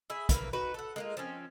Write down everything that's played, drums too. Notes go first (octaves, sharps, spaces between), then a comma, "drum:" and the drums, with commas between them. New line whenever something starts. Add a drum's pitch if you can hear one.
E4 G#4 E5
E3 A#3 A#4 B4, drum: kick, hi-hat
D#4 F#4 B4
A4 F#5
G#3 A#3 F4
F3 C4 C#4